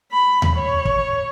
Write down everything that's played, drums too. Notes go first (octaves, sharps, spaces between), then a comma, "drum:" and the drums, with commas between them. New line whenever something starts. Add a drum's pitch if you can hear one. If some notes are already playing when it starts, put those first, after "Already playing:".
B5
drum: tom D#2
C#5
drum: kick